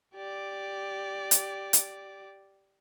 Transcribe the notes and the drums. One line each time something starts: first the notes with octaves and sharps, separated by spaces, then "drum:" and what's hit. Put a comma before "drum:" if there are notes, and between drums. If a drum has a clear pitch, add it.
G4 D5
drum: hi-hat
drum: hi-hat